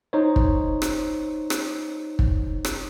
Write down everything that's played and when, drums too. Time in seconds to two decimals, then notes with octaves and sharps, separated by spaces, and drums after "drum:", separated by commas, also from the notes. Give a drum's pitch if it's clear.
0.13 D#4 C5 C#5
0.36 drum: kick
0.82 drum: rim click
1.50 drum: rim click
2.19 drum: kick
2.65 drum: rim click